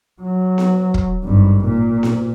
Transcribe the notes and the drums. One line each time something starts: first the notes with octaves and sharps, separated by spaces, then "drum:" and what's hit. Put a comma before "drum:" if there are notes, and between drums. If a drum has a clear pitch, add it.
F#3
drum: snare B3
drum: kick
G#1 G2
A#2
drum: snare B3